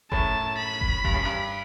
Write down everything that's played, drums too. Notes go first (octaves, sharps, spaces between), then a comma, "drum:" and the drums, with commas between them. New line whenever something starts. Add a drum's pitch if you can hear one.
F#2 A2 A5, drum: kick F#1
B5
drum: kick F#1
G2, drum: kick F#1
F#2
G2